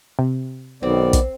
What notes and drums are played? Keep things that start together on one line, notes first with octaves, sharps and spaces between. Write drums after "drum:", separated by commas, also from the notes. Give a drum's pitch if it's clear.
C3
B1 D#3 B3 C4 D5
drum: kick, hi-hat